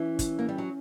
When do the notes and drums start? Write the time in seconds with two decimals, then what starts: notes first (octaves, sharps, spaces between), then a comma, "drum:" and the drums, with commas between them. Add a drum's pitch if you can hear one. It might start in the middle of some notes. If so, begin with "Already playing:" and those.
Already playing: E3 C#4
0.19 drum: kick, hi-hat
0.39 A#3
0.49 G3
0.58 F#3